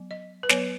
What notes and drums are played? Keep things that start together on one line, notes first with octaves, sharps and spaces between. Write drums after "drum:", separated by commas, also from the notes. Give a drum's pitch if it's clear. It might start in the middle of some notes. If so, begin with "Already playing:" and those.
Already playing: F#3 B3
D#5
B4
F#3 B3 C#5, drum: snare